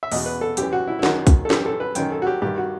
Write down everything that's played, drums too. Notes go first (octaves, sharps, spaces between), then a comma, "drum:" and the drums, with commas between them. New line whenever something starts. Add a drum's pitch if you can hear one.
E5
E2 B2 D#5, drum: open hi-hat
B4
A4
F#2 E3 G4, drum: hi-hat
F#4
E4
E4
F#2 D#3 F#4, drum: snare
drum: kick, hi-hat
A4
F#2 E3 G4, drum: snare
A4
B4
F#2 D#3 G5, drum: hi-hat
A4
F#4
G4
G2 D#3 G4
F#4